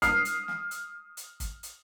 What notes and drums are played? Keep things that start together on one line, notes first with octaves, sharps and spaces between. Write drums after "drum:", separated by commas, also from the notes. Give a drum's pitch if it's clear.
D#6 F6 C7, drum: kick, hi-hat
drum: hi-hat
drum: snare
drum: hi-hat
drum: hi-hat
drum: kick, hi-hat
drum: hi-hat